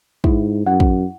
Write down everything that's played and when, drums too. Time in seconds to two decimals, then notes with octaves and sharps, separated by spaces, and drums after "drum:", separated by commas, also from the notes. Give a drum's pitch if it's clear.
0.24 G#2 E4, drum: kick
0.66 F#2 F#5
0.80 drum: kick